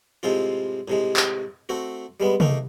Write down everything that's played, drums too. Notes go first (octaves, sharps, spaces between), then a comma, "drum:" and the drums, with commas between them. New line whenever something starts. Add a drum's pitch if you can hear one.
A2 C3 G#3 C4 F4
A2 C3 G#3
drum: clap
A3 C4 F#4
G3 G#3 B3
A3 A#3 D#4, drum: tom C3